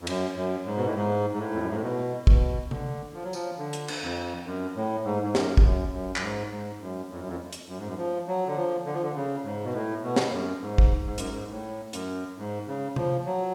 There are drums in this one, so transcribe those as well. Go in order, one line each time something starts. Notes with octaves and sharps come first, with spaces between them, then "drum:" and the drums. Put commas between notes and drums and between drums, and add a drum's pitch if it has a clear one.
F2
F#2, drum: cymbal
F#2
G#2
B2
A2
G#2
G#2
A2
F2
F#2
G#2
A2
B2
B2, drum: kick
D3, drum: tom C3
F3
F#3
F3, drum: tambourine
D3
drum: hi-hat
drum: cymbal
F2
F#2
A2
G#2
G#2
F#2, drum: snare
F2, drum: kick
F#2
F#2
F#2, drum: clap
G#2
G#2
F#2
F2
F#2
F2
drum: hi-hat
F#2
G#2
F#2
F3
F#3
D3
F3
D3
F3
D3
C#3
G#2
B2
A2
B2
drum: snare
F#2
G#2
drum: kick
G#2
F#2, drum: hi-hat
G#2
A2
F#2, drum: hi-hat
G#2
C#3
F3, drum: tom C3
F#3